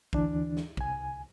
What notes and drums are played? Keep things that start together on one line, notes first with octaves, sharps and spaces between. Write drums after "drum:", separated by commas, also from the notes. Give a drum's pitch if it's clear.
D2 E3 D4, drum: kick
drum: snare
C2 G#5, drum: kick